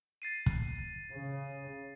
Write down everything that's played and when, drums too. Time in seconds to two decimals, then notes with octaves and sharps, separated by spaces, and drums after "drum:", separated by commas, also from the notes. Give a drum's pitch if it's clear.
0.22 A6 C7 D#7
0.46 drum: kick
1.13 C#3